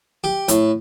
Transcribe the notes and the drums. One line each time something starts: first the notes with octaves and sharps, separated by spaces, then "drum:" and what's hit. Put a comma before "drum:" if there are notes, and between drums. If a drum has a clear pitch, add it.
G4
A2, drum: hi-hat